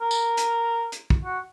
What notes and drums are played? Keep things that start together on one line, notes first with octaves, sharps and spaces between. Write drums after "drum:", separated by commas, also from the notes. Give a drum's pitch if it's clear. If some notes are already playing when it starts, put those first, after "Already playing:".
A#4
drum: tambourine
drum: hi-hat
drum: hi-hat
drum: kick
F#4